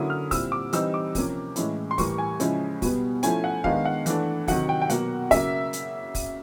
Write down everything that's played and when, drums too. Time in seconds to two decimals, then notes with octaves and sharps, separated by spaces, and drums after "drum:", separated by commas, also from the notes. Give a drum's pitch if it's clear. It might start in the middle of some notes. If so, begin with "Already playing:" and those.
Already playing: D3 F#3 A#3 C#4 E4 D#6
0.10 F6
0.31 A#2 G3 C4 E4 E6, drum: kick, open hi-hat
0.52 D6
0.73 E3 G3 C4 D#4 E6, drum: hi-hat
0.94 D6
1.15 C3 F3 A#3 C#4, drum: kick, open hi-hat
1.56 A2 E3 G#3 C#4 E4, drum: hi-hat
1.91 C6
1.98 A2 E3 G3 A#3 C#6, drum: kick, open hi-hat
2.18 G#5
2.40 C#3 F3 G#3 C#4 E4, drum: hi-hat
2.82 B2 G3 B3, drum: kick, open hi-hat
3.23 F3 A3 C#4 E4 G#5, drum: hi-hat
3.44 F#5
3.64 D#3 G#3 B3 D4 F5, drum: kick
3.85 F#5
4.06 E3 A3 D4, drum: hi-hat
4.48 C3 D#3 F#3 F#5, drum: kick, open hi-hat
4.69 G5
4.81 G5
4.90 B2 F#3 A#3 F#5, drum: hi-hat
5.31 C#3 F#3 A#3 E5, drum: kick, open hi-hat
5.73 drum: hi-hat
6.15 drum: kick, open hi-hat